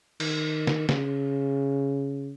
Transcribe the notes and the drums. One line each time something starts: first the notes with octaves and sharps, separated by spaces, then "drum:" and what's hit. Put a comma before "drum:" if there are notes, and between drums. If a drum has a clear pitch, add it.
D#3, drum: cymbal
drum: snare
C#3, drum: snare